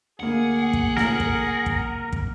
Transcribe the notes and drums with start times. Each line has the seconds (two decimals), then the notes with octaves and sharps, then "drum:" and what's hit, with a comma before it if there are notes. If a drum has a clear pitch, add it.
0.20 D2 A#3 G#4 F#5
0.73 drum: kick
0.97 A#4, drum: snare
1.20 drum: kick
1.66 drum: kick
2.13 drum: kick